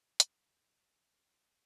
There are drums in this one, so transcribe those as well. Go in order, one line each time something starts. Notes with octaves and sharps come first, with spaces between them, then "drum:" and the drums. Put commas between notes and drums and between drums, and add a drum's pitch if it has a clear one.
C#2 C#3 F#3, drum: hi-hat